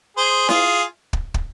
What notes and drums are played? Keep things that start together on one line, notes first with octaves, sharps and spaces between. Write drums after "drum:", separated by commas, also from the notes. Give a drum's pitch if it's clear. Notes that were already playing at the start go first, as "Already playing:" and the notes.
G#4 C5
F4 G#4, drum: snare E4
drum: kick
drum: kick